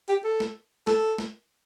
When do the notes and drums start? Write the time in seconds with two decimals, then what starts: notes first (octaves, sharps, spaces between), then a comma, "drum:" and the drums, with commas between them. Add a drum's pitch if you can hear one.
0.09 G4
0.24 A4
0.40 drum: snare
0.87 A4, drum: snare
1.18 drum: snare